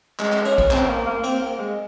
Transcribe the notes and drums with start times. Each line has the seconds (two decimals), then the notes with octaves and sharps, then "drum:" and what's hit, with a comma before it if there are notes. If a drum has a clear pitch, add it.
0.19 G#3, drum: clap
0.32 drum: clap
0.45 C#4, drum: cymbal
0.58 drum: kick, cymbal
0.71 C4, drum: clap
0.89 A#3
1.07 A#3
1.23 C4, drum: cymbal
1.42 A#3
1.59 G#3